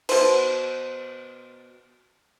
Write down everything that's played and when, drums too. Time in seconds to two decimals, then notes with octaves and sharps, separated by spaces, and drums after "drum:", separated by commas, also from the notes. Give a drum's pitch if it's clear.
0.09 B2 C5, drum: cymbal